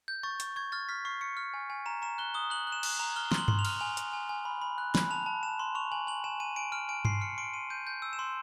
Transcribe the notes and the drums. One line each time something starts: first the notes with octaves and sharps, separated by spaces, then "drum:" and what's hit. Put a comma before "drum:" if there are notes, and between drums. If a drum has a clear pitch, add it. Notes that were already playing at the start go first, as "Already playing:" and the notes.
G6
C#6 A6
C#6, drum: hi-hat
C#6 G#6
F6 A6
F6 B6
C#6 C7
C#6 C#7
F6
G#5
G#5
A#5 E7
A#5 E7
F#6 G7
D#6 G7
F#6 F#7
F#6
E7
F#6, drum: cymbal
A#5
F6 G7
C6, drum: snare
F#7
C6, drum: tom G2
F7
F6, drum: cymbal
G#5 F7
G#5, drum: hi-hat
G#5
G#5
B5
B5
F#6
B5, drum: snare
A5 F7
A5
A5 E7
C6
C#6 F7
G#5 F#7
G#5 F#7
G#5 E7
G#5 D#7
G#5 D7
F6 D7
G#5 D7
C6 C7, drum: tom G2
F6 C#7
C6 D7
C6 D#7
G6 D#7
G6
E6
E7
C6